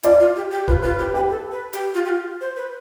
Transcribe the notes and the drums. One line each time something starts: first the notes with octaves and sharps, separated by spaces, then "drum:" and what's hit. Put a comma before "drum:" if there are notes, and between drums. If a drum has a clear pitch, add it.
F4 D5, drum: hi-hat
F4
G4
G4
F4 B4, drum: kick
F4 B4
G4 B4
G4 B4
A4
B4
G4, drum: hi-hat
F4
G4
F4
C5
B4